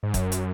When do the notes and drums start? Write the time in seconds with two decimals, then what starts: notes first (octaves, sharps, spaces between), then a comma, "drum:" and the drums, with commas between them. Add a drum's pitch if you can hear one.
0.03 G#2
0.14 F#2, drum: kick, hi-hat
0.32 drum: hi-hat